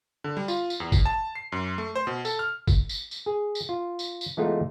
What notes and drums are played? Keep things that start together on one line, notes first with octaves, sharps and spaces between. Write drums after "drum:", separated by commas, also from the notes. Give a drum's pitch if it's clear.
D3
G3
F4, drum: tambourine
drum: tambourine
E2
drum: kick G1, tambourine
A5
C7
F#2
A3
C5
B2
A4, drum: tambourine
F6
drum: kick G1, tambourine
drum: tambourine
drum: tambourine
G#4
drum: tambourine
F4
drum: tambourine
drum: tambourine
E3 G#3 A3 B3 D#4 F4